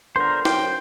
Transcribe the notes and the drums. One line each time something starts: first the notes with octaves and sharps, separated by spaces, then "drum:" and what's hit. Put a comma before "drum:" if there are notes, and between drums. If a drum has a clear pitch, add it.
A#2 D3 B3 A#4 C5 C6
F#2 C5 G5, drum: snare